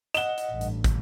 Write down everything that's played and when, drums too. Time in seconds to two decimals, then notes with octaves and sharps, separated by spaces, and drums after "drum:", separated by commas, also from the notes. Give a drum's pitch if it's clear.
0.14 D#5 F#5 E7 G7, drum: hi-hat
0.38 drum: hi-hat
0.52 A1 G2
0.61 drum: hi-hat
0.84 drum: kick, hi-hat